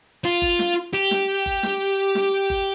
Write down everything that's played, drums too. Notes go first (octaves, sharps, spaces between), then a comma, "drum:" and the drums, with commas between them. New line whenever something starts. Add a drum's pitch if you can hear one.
F4
drum: kick F#1
drum: snare
G4
drum: snare
drum: kick F#1
drum: snare
drum: snare
drum: kick F#1